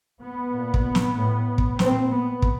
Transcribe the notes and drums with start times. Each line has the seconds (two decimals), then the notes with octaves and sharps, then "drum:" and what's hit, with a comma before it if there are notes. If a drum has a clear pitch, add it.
0.21 B3
0.53 A#2
0.74 drum: kick
0.95 drum: snare
1.16 A2
1.58 drum: kick
1.79 A#2 C4, drum: snare
2.10 B3
2.42 drum: kick